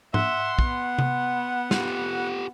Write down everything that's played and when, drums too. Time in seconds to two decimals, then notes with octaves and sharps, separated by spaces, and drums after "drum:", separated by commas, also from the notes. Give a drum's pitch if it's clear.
0.14 E5 F#5 C6, drum: tom G#2
0.59 B3, drum: kick
0.99 drum: tom C3
1.71 F4 G4, drum: snare